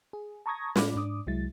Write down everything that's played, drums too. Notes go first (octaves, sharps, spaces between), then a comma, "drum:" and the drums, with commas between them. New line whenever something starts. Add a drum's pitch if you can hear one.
G#4
A5 A#5 C#6 D#6 G#6 A#6
A2 G#3 F4 B5 D6, drum: snare
G#2 D4 D6 D#6
C2 F#3 G#3 E4 A6